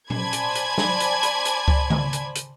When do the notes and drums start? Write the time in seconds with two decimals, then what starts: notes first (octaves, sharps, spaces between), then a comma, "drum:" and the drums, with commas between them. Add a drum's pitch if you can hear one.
0.10 C5 D5 G#5 A5 B5 G#6, drum: tom A#2
0.33 drum: hi-hat
0.55 drum: hi-hat
0.78 drum: snare
1.00 drum: hi-hat
1.23 drum: hi-hat
1.45 drum: hi-hat
1.68 drum: kick C#2
1.90 drum: tom C#3
2.13 drum: hi-hat
2.35 drum: hi-hat